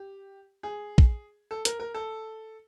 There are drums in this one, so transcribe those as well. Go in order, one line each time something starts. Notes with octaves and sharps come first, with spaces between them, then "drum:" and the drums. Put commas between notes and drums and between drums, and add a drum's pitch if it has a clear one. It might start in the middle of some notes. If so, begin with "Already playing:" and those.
Already playing: G4
G#4
drum: kick
A4
A#4, drum: hi-hat
A#4
A4